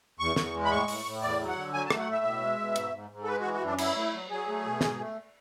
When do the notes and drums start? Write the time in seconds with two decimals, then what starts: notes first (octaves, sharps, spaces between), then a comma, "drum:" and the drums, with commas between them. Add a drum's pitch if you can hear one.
0.19 E2 C#6
0.36 E2, drum: snare
0.54 G#3
0.65 B5
0.71 A2 C#6
0.88 A2, drum: open hi-hat
1.05 A2
1.22 E2 D5
1.40 F#3
1.48 F#5
1.56 D3
1.74 F#3 G#5
1.86 A5
1.90 A3, drum: rim click
1.99 F#5
2.08 A2 E5
2.25 B2
2.42 G#3
2.59 B2
2.76 G#2, drum: hi-hat
2.93 G#2
3.10 G#2
3.24 A4
3.27 G#3 B4
3.41 E3 F#4
3.54 F#4
3.61 F#2 D4
3.78 F#3 E4, drum: cymbal
3.96 A3
4.13 F#3
4.30 F#3 G#4
4.48 A3
4.65 B2
4.81 G#2, drum: snare
4.98 A3